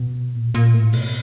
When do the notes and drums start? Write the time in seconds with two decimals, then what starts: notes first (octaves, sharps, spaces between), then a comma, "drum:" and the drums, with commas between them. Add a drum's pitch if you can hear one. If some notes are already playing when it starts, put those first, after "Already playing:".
Already playing: B2
0.35 A#2
0.54 A#2
0.74 A2
0.93 B2, drum: open hi-hat